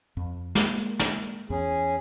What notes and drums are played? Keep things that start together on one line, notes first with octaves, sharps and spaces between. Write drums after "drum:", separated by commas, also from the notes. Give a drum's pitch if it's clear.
F2
G#3 A#3, drum: snare
drum: hi-hat
drum: snare
E2 C#4 G#4